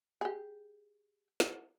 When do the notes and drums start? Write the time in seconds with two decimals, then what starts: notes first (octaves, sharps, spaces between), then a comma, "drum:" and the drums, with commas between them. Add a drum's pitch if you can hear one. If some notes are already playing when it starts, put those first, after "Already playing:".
0.21 G4 G#4
1.40 drum: snare